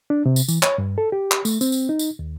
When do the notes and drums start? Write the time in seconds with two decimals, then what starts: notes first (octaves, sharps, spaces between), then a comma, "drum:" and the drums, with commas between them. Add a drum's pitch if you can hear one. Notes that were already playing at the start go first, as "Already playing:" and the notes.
0.10 D4
0.26 C3
0.36 drum: tambourine
0.49 E3, drum: tambourine
0.63 C#5, drum: clap
0.78 G2
0.98 A4
1.12 G4
1.31 drum: clap
1.45 A3, drum: tambourine
1.61 C4, drum: tambourine
1.72 drum: tambourine
1.89 D#4
1.99 drum: tambourine
2.19 D#2